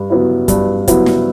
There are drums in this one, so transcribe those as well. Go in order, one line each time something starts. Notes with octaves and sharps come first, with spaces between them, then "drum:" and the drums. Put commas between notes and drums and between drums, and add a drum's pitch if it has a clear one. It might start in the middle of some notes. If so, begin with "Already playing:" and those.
Already playing: G2
F#3 B3 E4
G2, drum: kick, hi-hat
F#3 B3 E4, drum: kick, hi-hat
drum: snare